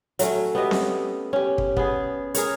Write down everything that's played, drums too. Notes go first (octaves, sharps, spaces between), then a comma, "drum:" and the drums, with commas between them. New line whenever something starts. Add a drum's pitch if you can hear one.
F#3 A3 C#4, drum: hi-hat
B3 G4 D#5 E5
drum: snare C4
C#4 G4
drum: kick
B3 G#4, drum: kick
G#4 A#4 C#5, drum: hi-hat